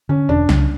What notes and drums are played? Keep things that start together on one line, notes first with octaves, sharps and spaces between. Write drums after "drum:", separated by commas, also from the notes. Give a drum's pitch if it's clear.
D3 C#4
E1 D4
C#2, drum: snare